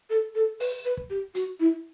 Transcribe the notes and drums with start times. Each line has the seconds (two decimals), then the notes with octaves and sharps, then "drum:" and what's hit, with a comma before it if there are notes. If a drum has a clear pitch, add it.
0.10 A4
0.35 A4
0.60 B4, drum: open hi-hat
0.85 B4
0.97 drum: kick
1.10 G4
1.35 F#4, drum: hi-hat
1.60 E4